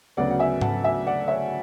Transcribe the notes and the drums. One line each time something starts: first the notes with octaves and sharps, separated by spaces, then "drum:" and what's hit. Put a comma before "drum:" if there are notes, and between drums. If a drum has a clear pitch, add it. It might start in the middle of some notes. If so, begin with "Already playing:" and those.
D2 C#3 F#3 B3 D5 F#5
F#5
E5 G#5
F#5 A5, drum: tom G#2
E5 G#5
D5 F#5
C#5 E5